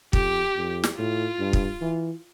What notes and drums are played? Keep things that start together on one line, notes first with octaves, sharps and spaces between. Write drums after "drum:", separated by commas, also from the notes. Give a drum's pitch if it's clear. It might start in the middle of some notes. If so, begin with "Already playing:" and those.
F2 G4, drum: kick
F2
drum: snare
A2 F4
G2
drum: kick
E3